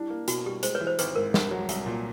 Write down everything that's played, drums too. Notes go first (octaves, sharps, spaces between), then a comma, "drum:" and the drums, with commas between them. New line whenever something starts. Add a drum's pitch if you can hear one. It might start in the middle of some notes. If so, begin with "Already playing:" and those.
Already playing: G3 D4 E4
A#3
B2 F#4, drum: hi-hat
G3 G4
G#3 C5, drum: hi-hat
B4 C#5
E3
C5
G#1 B4, drum: hi-hat
G#2 A#4
C2, drum: snare
F#3
C2, drum: hi-hat
A#2